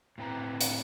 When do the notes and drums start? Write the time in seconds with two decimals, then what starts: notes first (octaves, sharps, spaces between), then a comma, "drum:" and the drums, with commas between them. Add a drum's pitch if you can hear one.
0.18 A2 C4 B4 A#5
0.61 drum: hi-hat